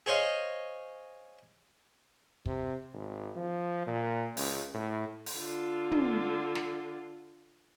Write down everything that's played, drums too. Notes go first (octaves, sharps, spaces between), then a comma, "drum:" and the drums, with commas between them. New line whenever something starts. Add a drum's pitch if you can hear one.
G#4 C5 C#5 D#5 F5
C3, drum: kick
G#1
F3
A#2
C#2, drum: open hi-hat
A2
drum: open hi-hat
D3 F4
drum: tom
drum: snare